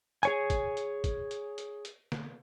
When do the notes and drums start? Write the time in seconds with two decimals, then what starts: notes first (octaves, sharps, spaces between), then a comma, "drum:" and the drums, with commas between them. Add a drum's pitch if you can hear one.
0.23 G#4 C#5 G#5, drum: hi-hat
0.50 drum: kick, hi-hat
0.77 drum: hi-hat
1.04 drum: kick, hi-hat
1.31 drum: hi-hat
1.58 drum: hi-hat
1.85 drum: hi-hat
2.12 drum: snare